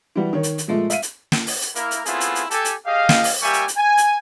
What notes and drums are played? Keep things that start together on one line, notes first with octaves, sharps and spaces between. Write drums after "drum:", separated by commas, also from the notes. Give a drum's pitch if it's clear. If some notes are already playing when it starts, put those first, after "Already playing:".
E3 G3 F#4
D#3 C#5
drum: hi-hat
drum: hi-hat
A#2 F3 G#3 A3
E5 F5 D#7, drum: hi-hat
drum: hi-hat
drum: snare
drum: open hi-hat
drum: hi-hat
A#3 E4 A#4, drum: hi-hat
drum: hi-hat
A3 B3 C4 E4 F4 G#4, drum: hi-hat
drum: hi-hat
drum: hi-hat
G4 A4 G#5, drum: hi-hat
drum: hi-hat
G4 G#4 D#5 F5
drum: snare
drum: open hi-hat
G3 A#3 G4 E5 G#5 C#6
drum: hi-hat
drum: hi-hat
G#5
drum: hi-hat